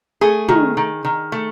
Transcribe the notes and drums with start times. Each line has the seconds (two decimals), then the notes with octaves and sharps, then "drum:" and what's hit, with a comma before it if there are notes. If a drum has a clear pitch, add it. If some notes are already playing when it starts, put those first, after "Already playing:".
0.21 A3 G#4
0.48 D#3, drum: tom
0.77 D#3
1.05 D#3
1.32 A3